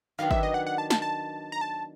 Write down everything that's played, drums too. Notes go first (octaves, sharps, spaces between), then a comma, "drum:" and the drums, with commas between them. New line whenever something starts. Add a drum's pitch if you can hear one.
D#3 F#3 B3 D4 F5
E5, drum: kick
D#5
F#5
F#5
A5
A5, drum: snare
A5
A#5
A5